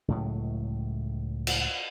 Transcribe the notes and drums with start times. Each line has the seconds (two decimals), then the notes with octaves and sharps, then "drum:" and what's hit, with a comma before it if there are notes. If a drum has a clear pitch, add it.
0.08 C#2 A2 F#3
1.47 drum: cymbal